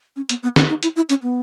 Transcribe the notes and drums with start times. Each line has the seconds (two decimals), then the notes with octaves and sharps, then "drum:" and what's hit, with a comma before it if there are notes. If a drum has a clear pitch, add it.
0.16 C#4
0.29 B3, drum: hi-hat
0.43 B3
0.56 C#4, drum: snare
0.69 D#4
0.83 E4, drum: hi-hat
0.96 E4
1.09 C#4, drum: hi-hat
1.23 B3